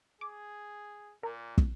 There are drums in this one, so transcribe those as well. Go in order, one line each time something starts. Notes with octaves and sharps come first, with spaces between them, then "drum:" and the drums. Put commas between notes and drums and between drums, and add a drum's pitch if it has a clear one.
G#4 D6
A#2 A#4
drum: kick